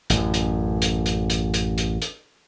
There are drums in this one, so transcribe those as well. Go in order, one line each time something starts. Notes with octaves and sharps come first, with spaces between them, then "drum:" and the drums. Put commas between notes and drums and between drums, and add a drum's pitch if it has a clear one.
A1 F#2, drum: hi-hat
drum: hi-hat
drum: hi-hat
drum: hi-hat
drum: hi-hat
drum: hi-hat
drum: hi-hat
drum: hi-hat